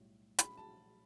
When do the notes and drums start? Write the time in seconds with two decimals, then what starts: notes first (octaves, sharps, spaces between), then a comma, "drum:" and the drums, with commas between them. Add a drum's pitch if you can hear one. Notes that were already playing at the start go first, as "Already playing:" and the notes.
Already playing: B1 A2 G3
0.39 B5, drum: hi-hat
0.57 A5